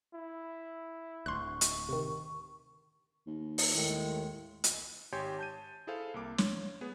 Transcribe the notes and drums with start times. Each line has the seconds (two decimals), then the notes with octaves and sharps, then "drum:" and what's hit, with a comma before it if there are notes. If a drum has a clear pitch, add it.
0.14 E4
1.26 D1 D2 C6 C#6 F#6
1.61 drum: hi-hat
1.89 C3 D#3
3.27 D#2
3.58 drum: open hi-hat
3.74 D#2 A2 D#3 G#3
4.64 drum: hi-hat
5.12 G#1 G4 C#5 G#5 C6 G6
5.39 A5 G6 D#7
5.87 E4 G#4 A4 C5 F5
6.14 C2 A#3 D6
6.38 C#5, drum: snare
6.81 B3 G#4